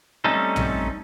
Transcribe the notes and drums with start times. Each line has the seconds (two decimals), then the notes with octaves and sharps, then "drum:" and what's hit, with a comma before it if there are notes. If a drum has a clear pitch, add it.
0.24 G3 A3 C4 C#4 D#4 A4
0.56 drum: tom